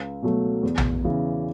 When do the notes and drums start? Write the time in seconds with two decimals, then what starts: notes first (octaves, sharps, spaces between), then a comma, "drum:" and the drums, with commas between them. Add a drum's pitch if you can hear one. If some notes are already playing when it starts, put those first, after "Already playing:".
Already playing: C#2
0.22 B2 F#3 A3
0.63 E2
0.77 drum: tom
1.04 C#3 E3